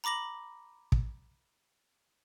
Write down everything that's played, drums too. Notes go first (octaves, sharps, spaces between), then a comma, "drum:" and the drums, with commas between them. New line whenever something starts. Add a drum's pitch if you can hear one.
A#5 B5 D6 A#6 F#7
drum: kick